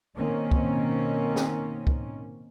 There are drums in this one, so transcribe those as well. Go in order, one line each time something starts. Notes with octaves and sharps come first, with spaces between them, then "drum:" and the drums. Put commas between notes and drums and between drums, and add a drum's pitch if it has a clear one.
B2 D#3 A#3 C4 C#4
drum: kick
drum: snare
drum: kick